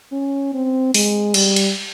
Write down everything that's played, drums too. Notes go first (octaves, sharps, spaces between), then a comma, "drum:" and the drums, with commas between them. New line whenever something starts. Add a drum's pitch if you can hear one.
C#4
C4
G#3, drum: open hi-hat
G3, drum: cymbal
drum: cymbal